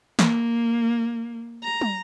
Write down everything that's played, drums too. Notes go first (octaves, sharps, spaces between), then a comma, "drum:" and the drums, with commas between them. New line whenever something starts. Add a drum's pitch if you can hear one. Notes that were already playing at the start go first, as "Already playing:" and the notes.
A#3, drum: snare
A#5
drum: tom